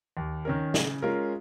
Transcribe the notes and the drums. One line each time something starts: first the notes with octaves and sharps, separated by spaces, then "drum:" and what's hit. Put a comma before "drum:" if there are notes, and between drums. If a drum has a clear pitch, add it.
D#2
D#3 C#4 A#4
C#3, drum: snare
G#3 C#4 F4 A#4